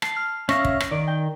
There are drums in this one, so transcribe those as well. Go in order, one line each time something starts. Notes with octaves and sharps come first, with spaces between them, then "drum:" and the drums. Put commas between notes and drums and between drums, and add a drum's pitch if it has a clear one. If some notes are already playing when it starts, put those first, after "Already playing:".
A5 C7, drum: rim click
F6
C#4 E5 F5 C#6 A#6, drum: rim click
drum: kick
drum: rim click
D#3 D5
G5